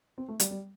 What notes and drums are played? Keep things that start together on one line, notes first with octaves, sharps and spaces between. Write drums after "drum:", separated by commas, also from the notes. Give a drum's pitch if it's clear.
C4
A3
G3, drum: hi-hat
G3